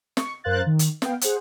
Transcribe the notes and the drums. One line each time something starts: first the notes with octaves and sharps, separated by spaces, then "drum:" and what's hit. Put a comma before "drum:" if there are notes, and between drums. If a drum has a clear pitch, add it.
C#6, drum: snare
F#2 A#4 C5 F5 F#6 A6
D#3
drum: hi-hat
B3 F5 G5, drum: snare
G#4 C5 F#5, drum: hi-hat